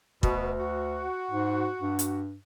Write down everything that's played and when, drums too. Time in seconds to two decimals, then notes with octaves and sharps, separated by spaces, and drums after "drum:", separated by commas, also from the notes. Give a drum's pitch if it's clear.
0.23 D2 B2, drum: kick
0.60 F#4
1.31 G#2
1.81 G2
1.99 drum: hi-hat